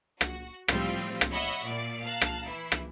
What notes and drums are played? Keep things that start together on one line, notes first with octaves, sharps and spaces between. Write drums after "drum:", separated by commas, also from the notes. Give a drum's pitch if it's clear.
F#4, drum: rim click
A2 F3 G3 C4 F4, drum: rim click
drum: rim click
C#5 D#5 E5 F#5 B5 C#6
A#2 D5
F5 A5 A#5 F#6
drum: rim click
E3 E4
drum: rim click